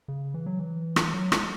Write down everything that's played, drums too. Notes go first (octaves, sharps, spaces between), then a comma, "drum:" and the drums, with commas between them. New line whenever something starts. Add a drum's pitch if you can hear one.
C#3
E3
F#3
E3
drum: rim click
F#3
G#3, drum: rim click